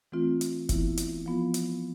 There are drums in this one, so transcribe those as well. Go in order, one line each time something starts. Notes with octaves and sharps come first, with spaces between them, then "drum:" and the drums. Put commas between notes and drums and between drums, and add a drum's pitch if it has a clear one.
E3 A3 C4 F4
drum: hi-hat
E3 B3 E4, drum: kick F1, hi-hat
drum: hi-hat
F3 B3 F4
drum: hi-hat